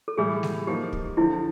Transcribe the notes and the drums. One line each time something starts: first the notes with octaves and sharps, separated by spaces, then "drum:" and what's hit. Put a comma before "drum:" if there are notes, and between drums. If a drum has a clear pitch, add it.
A4
A2 E3 G3 G#4
drum: snare
F3 A#3 D#4 G4
drum: kick
D3 F3 A3 E4